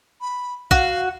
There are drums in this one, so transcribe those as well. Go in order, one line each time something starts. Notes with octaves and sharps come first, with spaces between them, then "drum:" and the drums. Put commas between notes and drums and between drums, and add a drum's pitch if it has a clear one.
B5
F#4 F5, drum: kick